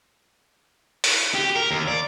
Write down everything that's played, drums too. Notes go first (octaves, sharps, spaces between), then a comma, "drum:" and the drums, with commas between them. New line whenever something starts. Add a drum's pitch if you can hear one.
drum: open hi-hat
G4
A#4
D#2
D5